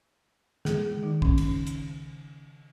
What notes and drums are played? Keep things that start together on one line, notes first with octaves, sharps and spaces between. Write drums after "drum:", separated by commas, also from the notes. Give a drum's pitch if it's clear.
G#3 G#4, drum: snare
D#3 D#4
C#3 C#4, drum: kick
drum: cymbal
drum: hi-hat